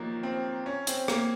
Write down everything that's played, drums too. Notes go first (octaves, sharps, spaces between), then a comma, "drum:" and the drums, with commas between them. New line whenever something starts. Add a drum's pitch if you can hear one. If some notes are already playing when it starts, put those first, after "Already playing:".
Already playing: D#3 F3 F#3 A#3
C4
C#4
C4, drum: hi-hat
A#3, drum: rim click